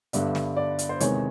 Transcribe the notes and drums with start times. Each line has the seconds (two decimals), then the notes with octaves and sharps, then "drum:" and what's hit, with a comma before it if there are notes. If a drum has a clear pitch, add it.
0.13 G2 D3 G3 B3 D4 E5, drum: hi-hat
0.35 drum: snare
0.57 D5
0.79 drum: hi-hat
0.89 C5
1.00 E2 C3 D#3 G#3 C#5, drum: hi-hat